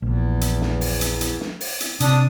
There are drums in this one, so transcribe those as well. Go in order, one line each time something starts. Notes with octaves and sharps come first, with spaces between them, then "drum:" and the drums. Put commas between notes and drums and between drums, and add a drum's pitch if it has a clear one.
A#1 E2
drum: hi-hat
drum: snare
drum: open hi-hat
drum: hi-hat
drum: hi-hat
drum: snare
drum: open hi-hat
drum: hi-hat
C3 D4 D#6, drum: hi-hat